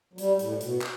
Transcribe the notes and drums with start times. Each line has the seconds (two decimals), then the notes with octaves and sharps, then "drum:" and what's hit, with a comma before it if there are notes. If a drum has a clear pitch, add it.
0.13 F#3
0.18 G3, drum: hi-hat
0.39 A2, drum: hi-hat
0.61 B2, drum: hi-hat
0.82 drum: clap